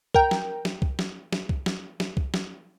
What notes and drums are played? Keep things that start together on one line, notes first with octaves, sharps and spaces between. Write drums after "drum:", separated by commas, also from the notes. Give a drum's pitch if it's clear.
A#4 G5, drum: kick C2
drum: snare
drum: snare
drum: kick C2
drum: snare
drum: snare
drum: kick C2
drum: snare
drum: snare
drum: kick C2
drum: snare